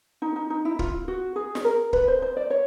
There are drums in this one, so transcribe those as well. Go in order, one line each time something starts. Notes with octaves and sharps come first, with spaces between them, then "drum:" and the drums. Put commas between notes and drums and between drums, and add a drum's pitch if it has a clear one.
D#4
D#4
D#4
E4
F4, drum: kick
F#4
G#4
drum: snare
A#4
B4, drum: kick
C5
C5
D5
C#5